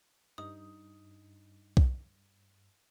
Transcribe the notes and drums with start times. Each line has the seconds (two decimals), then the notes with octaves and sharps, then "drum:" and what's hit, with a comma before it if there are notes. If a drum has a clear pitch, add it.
0.38 G2 D#4 D#6
1.77 drum: kick B1